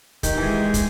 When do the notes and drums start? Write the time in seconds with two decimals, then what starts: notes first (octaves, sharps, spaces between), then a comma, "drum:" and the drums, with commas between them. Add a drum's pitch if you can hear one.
0.23 D#3 G4, drum: kick, hi-hat
0.37 E3
0.43 G#3
0.74 drum: kick, hi-hat